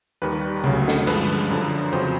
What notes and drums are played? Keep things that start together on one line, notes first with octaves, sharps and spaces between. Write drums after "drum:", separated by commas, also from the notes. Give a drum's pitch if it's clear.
D#2 D#3 G3 B4
D2 C#3 F#3, drum: tom C3
drum: snare
G2 D3 F3 G#3 B4, drum: cymbal
F#2 D3 F3
F2 C#3 F#3 C5